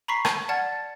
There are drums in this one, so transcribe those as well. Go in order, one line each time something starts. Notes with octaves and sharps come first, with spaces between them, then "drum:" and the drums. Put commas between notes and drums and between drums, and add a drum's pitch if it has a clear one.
A#5 B5 C#6 B6 C7
drum: rim click
D5 F#5 A5 F6 G#6 A6